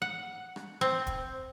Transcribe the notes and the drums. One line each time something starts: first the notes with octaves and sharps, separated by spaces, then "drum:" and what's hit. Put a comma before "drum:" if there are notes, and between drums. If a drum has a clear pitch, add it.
F#5
drum: rim click
C4
drum: kick, hi-hat